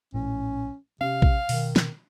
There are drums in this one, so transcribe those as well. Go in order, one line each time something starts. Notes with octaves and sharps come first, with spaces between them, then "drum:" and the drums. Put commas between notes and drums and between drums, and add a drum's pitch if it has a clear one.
A#1 A2 C#4
C3 C#4 F5
drum: kick
B2 D#3, drum: open hi-hat
drum: snare